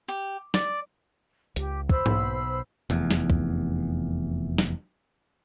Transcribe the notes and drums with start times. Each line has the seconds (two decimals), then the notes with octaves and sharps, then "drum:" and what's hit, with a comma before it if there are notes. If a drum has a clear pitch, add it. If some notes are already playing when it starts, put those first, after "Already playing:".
0.08 G4
0.54 D5, drum: snare
1.56 C#2 G4, drum: hi-hat
1.90 C5 B5 E6, drum: kick
2.06 B1 B2, drum: tom G#2
2.90 F1 E2, drum: hi-hat
3.11 drum: snare
3.30 drum: kick
4.58 drum: snare